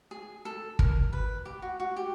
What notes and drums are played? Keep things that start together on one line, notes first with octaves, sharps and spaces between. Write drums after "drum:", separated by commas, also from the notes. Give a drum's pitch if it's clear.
G#4
A4
A#4, drum: kick
B4
G4
F#4
F#4
G4